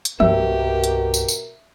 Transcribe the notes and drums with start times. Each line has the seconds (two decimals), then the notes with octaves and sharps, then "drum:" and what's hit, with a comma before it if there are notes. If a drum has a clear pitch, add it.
0.05 drum: hi-hat
0.20 C2 G2 B2 F#4 G4 A#4 E5, drum: tom E3
0.84 drum: hi-hat
1.14 drum: tambourine
1.28 drum: tambourine